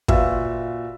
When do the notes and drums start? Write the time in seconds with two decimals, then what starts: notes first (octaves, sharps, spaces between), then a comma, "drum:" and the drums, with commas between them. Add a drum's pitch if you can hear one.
0.08 A#2 F4 F#4 B4 E5 E6, drum: kick